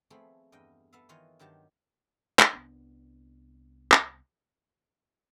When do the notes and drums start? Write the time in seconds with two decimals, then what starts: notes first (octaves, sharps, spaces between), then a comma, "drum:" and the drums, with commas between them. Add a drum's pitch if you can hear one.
0.10 F3 A3 B3 C4 G#4 B5
0.52 E2 G2 D#5 G5
0.93 B3 A4 E5 F5
1.09 D#3 E3 F4 C#5 D#5
1.39 G2 D#3 F#3 G4 A5
2.39 drum: clap
2.53 C2 B3 D4
3.92 drum: clap